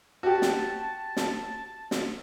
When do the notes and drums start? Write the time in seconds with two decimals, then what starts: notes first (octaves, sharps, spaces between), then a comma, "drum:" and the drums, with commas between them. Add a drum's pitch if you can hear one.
0.23 F#4 G4 A5
0.42 drum: snare
1.17 drum: snare
1.91 drum: snare